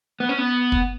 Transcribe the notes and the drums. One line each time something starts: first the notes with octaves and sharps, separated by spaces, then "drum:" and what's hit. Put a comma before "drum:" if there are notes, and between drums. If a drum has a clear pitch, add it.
B3
C#4
B3
drum: kick